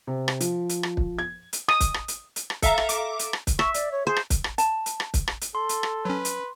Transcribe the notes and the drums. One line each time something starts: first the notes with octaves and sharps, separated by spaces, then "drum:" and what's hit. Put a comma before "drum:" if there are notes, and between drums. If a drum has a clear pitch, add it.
C3
drum: rim click
F3, drum: hi-hat
drum: hi-hat
drum: rim click
drum: kick
G#6
drum: hi-hat
D#6, drum: rim click
drum: kick, hi-hat
drum: rim click
drum: hi-hat
drum: hi-hat
drum: rim click
A4 E5 F5 A#5, drum: kick, hi-hat
drum: rim click
D6, drum: hi-hat
drum: hi-hat
drum: rim click
drum: kick, hi-hat
E5 C#6, drum: rim click
D5, drum: hi-hat
C#5
G#4 C5
drum: rim click
drum: kick, hi-hat
drum: rim click
A5, drum: hi-hat
drum: hi-hat
drum: rim click
drum: kick, hi-hat
drum: rim click
drum: hi-hat
A4 C6
drum: hi-hat
drum: rim click
F#3 C#4 B4
drum: hi-hat